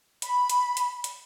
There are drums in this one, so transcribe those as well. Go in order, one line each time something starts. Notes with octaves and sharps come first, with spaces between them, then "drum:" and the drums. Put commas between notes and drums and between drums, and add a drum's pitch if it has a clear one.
B5, drum: hi-hat
drum: hi-hat
drum: hi-hat
drum: hi-hat